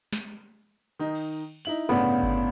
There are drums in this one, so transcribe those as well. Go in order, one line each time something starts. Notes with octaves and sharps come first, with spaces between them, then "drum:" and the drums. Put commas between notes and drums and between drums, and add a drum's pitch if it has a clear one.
drum: snare
D#3 D#4
drum: cymbal
D#4 E4 F#7
G1 A2 C#3 B3 D5 E6
drum: kick G1